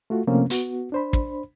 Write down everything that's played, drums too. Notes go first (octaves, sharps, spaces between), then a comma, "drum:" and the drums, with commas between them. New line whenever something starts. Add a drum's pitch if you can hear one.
A3 F4 F#4
C3 F3 A3 A#3 C4 C#4
B3 F#4, drum: hi-hat
D4 C5 B5
drum: kick